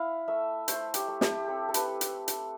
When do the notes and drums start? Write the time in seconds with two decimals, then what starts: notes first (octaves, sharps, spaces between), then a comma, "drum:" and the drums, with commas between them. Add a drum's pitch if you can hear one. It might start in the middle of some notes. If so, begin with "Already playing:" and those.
Already playing: E4 F5
0.28 A3 E5
0.68 A3 C5, drum: hi-hat
0.94 G4, drum: hi-hat
1.08 A3
1.21 G4, drum: snare
1.48 C4 A4
1.69 A4
1.74 B4, drum: hi-hat
2.01 drum: hi-hat
2.28 drum: hi-hat